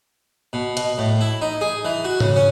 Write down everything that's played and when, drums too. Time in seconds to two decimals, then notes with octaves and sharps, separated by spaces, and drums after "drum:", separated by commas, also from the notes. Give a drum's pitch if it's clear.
0.53 B2
0.77 B2, drum: hi-hat
0.98 A2
1.21 E4
1.41 D#4
1.61 G#4
1.85 E3
2.04 F#4
2.20 C#3, drum: tom G#2
2.36 C#4